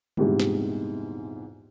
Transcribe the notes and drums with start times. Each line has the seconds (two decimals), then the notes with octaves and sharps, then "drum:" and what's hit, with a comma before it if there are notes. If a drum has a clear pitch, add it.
0.17 A#1 E2 G#2 C3 G3 G#3, drum: tom D3
0.40 drum: snare